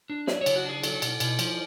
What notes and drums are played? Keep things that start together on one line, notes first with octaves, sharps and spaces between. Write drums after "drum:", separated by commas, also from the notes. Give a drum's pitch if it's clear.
D4
F#3 D5, drum: snare
C#5
C#3, drum: cymbal
F#4
D4 G#4
F#3 A4, drum: cymbal
B2, drum: cymbal
B2, drum: cymbal
F3, drum: cymbal